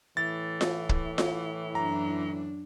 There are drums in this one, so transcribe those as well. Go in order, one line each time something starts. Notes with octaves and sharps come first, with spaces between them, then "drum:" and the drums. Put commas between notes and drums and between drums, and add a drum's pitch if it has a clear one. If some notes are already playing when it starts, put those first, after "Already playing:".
A2 E3 A6
drum: snare F4
drum: kick
drum: snare F4
F#2 D4 A#5